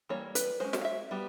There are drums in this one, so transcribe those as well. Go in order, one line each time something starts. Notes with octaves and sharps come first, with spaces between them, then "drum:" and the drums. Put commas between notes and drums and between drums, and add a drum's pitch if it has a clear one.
E3 G3 A#3 C#5
B4, drum: hi-hat
G#3 C#4 C5
C5, drum: snare
F5
E5
G3 B3